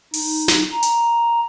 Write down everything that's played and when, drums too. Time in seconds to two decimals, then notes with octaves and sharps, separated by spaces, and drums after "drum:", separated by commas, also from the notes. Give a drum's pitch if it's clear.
0.14 D#4, drum: open hi-hat
0.48 drum: snare
0.72 A#5
0.83 drum: hi-hat